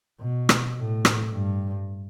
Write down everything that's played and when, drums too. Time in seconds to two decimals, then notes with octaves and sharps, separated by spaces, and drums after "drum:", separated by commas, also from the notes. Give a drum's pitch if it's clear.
0.21 B2
0.49 drum: rim click
0.77 A2
1.05 drum: rim click
1.32 G2